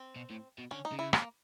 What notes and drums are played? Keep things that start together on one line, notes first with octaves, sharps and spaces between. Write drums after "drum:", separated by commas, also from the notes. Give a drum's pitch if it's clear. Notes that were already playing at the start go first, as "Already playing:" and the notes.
Already playing: C4
B2
A2
B2
D3 C#4
D#4
C#3
E4
A#3, drum: rim click